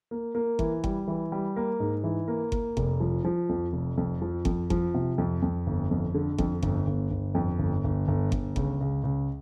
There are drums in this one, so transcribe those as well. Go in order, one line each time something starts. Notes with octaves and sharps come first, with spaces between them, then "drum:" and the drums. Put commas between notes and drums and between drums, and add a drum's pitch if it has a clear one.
A#3
A#3
E3, drum: kick G1
G3, drum: kick G1
E3
G3
A#3
G#2
E3
A#3
A#3, drum: kick G1
F1, drum: kick G1
F3
F3
F2
F1
F2
F3
F2, drum: kick G1
F3, drum: kick G1
C3
F2
F2
G1
F2
D3
F2, drum: kick G1
G1, drum: kick G1
G1
G1
F2
G1
G1
G1
G1, drum: kick G1
C#2, drum: kick G1
C#2
C#2